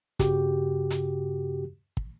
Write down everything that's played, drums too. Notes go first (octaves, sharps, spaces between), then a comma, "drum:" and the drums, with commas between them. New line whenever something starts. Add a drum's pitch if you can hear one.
G2 C#3 F#4 G4, drum: kick, hi-hat
drum: hi-hat
drum: kick